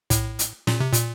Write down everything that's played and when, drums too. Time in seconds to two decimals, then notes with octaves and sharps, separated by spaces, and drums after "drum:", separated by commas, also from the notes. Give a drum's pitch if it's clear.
0.10 A2, drum: kick, hi-hat
0.39 drum: hi-hat
0.67 A#2, drum: snare
0.80 C3
0.93 A#2, drum: hi-hat